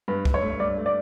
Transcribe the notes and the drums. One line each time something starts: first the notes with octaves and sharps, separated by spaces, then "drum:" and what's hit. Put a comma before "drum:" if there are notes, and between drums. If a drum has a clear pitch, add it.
G2 B4
G2, drum: kick
C#5
A3
G2 D5
A3
D5